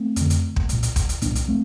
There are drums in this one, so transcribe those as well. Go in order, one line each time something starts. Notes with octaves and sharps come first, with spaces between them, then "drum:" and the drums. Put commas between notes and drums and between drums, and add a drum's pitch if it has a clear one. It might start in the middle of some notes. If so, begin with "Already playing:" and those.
Already playing: A3 C4
F2 D3, drum: hi-hat
drum: hi-hat
drum: kick
C2 A#2, drum: hi-hat
drum: hi-hat
drum: kick, hi-hat
drum: hi-hat
C2 A#2 A#3 D4, drum: hi-hat
drum: hi-hat
A3 C4